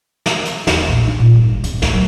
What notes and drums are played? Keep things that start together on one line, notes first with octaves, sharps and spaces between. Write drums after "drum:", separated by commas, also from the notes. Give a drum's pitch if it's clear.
drum: snare
drum: hi-hat
E2, drum: snare
A#1
D#4
A#2
G1
C#3, drum: hi-hat
D2, drum: snare
F#3